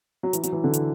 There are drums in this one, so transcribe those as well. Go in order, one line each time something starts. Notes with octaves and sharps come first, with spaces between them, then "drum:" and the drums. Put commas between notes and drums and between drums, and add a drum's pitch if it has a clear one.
F#3
E3, drum: hi-hat
F#3, drum: hi-hat
E3
D3
drum: hi-hat